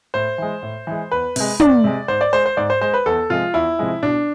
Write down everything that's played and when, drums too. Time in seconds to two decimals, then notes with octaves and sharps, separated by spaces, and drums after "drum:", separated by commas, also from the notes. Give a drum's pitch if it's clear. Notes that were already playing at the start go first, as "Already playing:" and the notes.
0.14 A2 C5
0.38 E3 G#3
0.62 A2
0.87 E3 G#3
1.12 E2 B4
1.36 C3 G#3, drum: open hi-hat
1.60 E2 D5, drum: tom
1.84 C3 G#3
2.08 G#2 C5
2.21 D5
2.32 G#3 C5
2.46 C5
2.57 G#2 D5
2.70 C5
2.81 G#3 C5
2.94 B4
3.06 E2 A4
3.30 C3 F3 G#3 F4
3.54 E2 E4
3.79 C3 F3 G#3
4.02 B2 D4